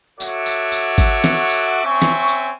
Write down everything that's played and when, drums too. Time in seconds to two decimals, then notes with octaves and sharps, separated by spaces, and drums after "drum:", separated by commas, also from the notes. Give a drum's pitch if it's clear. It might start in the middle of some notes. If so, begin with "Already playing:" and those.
0.20 F#4 A4 C#5 E5 F#5 D6, drum: tambourine
0.46 drum: tambourine
0.72 drum: tambourine
0.98 drum: kick, tambourine
1.24 drum: snare
1.50 drum: tambourine
1.85 C4 C#4 E5 G#5 C#6
2.02 drum: snare
2.28 drum: tambourine